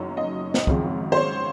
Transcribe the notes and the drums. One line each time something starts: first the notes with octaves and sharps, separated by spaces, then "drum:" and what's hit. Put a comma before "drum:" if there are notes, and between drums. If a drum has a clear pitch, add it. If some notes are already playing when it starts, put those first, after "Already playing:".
Already playing: F#1 F#2 D#3 F#3 C#4
D#5
drum: snare
G#1 F#2 C#3 F3 C4, drum: kick
C5
C#5